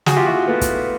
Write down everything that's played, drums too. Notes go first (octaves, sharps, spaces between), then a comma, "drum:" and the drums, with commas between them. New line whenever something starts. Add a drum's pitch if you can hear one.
F#4 G#4, drum: snare
F4 G4
E4 F#4
A3 B3
drum: kick, hi-hat